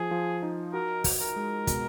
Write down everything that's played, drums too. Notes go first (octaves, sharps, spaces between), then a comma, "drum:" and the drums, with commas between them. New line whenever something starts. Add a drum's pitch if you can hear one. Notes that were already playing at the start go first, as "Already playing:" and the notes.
Already playing: F3 G#4
F3
D#4
F#4 A#4
F#4, drum: kick, open hi-hat
A#4
G#3
B2, drum: kick, hi-hat